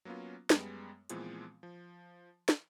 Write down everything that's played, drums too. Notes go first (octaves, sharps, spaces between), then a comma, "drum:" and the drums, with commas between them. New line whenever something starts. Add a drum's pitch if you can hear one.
F#3 A#3 B3 C#4 F4
F#2 G3 G#3 B3, drum: snare
A#2 E3 F3 G#3 B3 C4, drum: hi-hat
F3
drum: snare